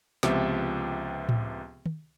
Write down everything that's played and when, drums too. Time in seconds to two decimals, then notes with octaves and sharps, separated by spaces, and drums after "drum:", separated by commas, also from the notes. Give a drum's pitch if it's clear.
0.23 C#2 C3 F3 B3 G4 E5, drum: snare
1.29 drum: tom A2
1.86 drum: tom